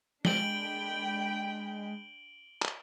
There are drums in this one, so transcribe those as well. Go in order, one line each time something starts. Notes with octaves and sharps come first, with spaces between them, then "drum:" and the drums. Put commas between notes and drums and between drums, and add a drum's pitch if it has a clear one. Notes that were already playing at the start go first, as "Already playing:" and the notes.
G#3 D4 G5 B5 D7 F#7 G7, drum: snare
drum: clap